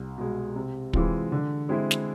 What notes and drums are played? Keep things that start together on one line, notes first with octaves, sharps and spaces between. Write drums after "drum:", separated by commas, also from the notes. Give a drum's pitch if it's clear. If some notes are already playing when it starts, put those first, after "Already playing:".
Already playing: C2
B2 G#3
C3
E3 G#3 C4 F4, drum: kick
D3
G#3 C4 E4
drum: snare